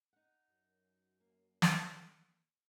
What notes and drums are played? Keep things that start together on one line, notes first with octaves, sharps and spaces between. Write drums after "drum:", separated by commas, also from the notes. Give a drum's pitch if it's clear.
D#4 F#5
F#2
A#3
drum: snare